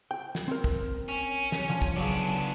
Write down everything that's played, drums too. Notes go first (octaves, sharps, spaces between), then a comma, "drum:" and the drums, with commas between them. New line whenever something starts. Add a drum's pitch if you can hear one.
G5
drum: snare
C4 A#4
drum: kick
C#4
drum: snare
D3 F3
drum: kick
C#3 F#3 B3 D4